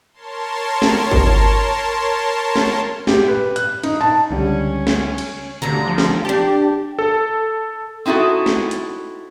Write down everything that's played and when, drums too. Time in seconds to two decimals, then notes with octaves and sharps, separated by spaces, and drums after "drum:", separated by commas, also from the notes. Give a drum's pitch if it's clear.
0.13 A#4 C#5 A5 C6
0.82 drum: snare
1.11 drum: kick G1
2.56 drum: snare
3.07 G4, drum: snare
3.28 B4
3.56 F#6, drum: hi-hat
3.83 D#4, drum: cymbal
4.01 A5
4.31 C#2 D3 G3 C#4
4.87 drum: snare
5.18 drum: cymbal
5.62 D2 G2 D3 A#5
5.87 F3
5.98 drum: snare
6.25 D4 G4 A5
6.99 A4
8.06 C4 D#4 E4 F#4 A4
8.46 drum: snare
8.71 drum: hi-hat